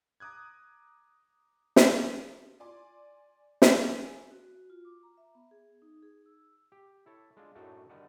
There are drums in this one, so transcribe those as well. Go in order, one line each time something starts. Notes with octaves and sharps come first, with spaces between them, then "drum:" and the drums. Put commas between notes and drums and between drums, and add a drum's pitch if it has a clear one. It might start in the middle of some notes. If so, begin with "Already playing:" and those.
A#5 D6 D#6 F#6 G#6
drum: snare
D5 G#5 C6 D6
drum: snare
E6
G#5
F#4
F4
D6
A#5
E5
B3
G#4
D#4
G#4
E6
G4
E4 A4 C#5
G#3 D4 F4
F#2 A2 F#3 A3 D4 D#4
D3 D#3 G3 D#4 F#5 A5